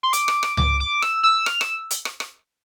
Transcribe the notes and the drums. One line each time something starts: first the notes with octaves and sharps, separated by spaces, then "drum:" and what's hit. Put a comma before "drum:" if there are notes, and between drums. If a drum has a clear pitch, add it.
C6
D6, drum: hi-hat
drum: rim click
drum: rim click
D6, drum: tom C#2
D6
E6, drum: rim click
E6
F6, drum: rim click
E6, drum: rim click
drum: hi-hat
drum: rim click
drum: rim click